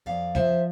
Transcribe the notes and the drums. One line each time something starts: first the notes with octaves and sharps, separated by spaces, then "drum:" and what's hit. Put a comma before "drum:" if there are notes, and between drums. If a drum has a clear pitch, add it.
F2 D5 F5
F3 C5 E5, drum: tom E2